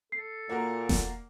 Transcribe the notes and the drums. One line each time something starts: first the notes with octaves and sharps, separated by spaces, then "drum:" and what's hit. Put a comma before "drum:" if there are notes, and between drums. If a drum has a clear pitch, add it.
A4 C7
A#2 A#3 F#4 A#4
drum: snare E1